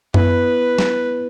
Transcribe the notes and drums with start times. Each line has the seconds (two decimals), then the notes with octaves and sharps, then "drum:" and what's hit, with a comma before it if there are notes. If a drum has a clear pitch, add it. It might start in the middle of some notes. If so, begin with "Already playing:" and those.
0.14 B3 E4 B4, drum: tom F#2
0.78 drum: snare